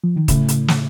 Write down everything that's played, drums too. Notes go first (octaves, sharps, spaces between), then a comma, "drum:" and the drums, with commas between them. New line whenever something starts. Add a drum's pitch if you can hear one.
F3
D#3
A2 C#3, drum: kick, hi-hat
drum: hi-hat
drum: snare